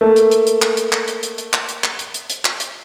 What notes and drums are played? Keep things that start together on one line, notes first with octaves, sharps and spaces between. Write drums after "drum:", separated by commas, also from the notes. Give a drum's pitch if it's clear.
A3 A#3
drum: hi-hat
drum: hi-hat
drum: hi-hat
drum: clap
drum: hi-hat
drum: clap
drum: hi-hat
drum: hi-hat
drum: hi-hat
drum: clap
drum: hi-hat
drum: clap
drum: hi-hat
drum: hi-hat
drum: hi-hat
drum: clap
drum: hi-hat